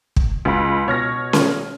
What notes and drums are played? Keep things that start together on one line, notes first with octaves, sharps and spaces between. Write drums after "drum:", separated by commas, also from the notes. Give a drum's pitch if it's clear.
drum: kick
C#2 B5
B2 C#5 F6 A#6
drum: snare C#4